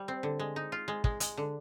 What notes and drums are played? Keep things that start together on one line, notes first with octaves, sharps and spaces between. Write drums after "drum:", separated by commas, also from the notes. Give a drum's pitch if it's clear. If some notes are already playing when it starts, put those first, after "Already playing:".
Already playing: G3
C4
D3
G#3
D#4
F4
G#3
G#3, drum: kick
G#3, drum: hi-hat
D3